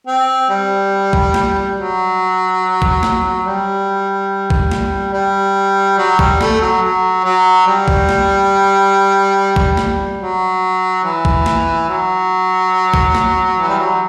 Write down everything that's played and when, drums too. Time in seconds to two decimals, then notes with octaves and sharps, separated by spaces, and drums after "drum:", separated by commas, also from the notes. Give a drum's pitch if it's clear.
0.07 C4
0.50 G3
1.13 drum: kick
1.34 drum: snare
1.76 F#3
2.82 drum: kick
3.03 drum: snare
3.45 G3
4.50 drum: kick
4.71 drum: snare
5.13 G3
5.98 F#3
6.19 G3, drum: kick
6.41 A3, drum: snare
6.61 F#3
6.82 F#3
7.24 F#3
7.67 G3
7.88 drum: kick
8.09 drum: snare
9.56 drum: kick
9.77 drum: snare
10.20 F#3
11.04 E3
11.25 drum: kick
11.46 drum: snare
11.89 F#3
12.94 drum: kick
13.15 drum: snare
13.57 E3
13.68 G3
13.78 F#3